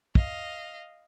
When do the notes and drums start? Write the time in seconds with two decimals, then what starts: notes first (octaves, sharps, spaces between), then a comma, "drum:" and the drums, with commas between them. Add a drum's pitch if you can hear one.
0.15 D#5 F5, drum: kick